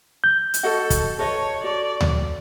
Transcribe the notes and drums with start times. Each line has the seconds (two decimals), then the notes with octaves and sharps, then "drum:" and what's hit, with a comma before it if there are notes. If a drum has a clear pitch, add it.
0.24 G6
0.54 drum: hi-hat
0.63 F#4 A4 D#5 F#5
0.90 drum: kick, hi-hat
1.19 A4 B4 C#5 D#5
1.64 F#4 A4 D5
2.01 drum: tom D2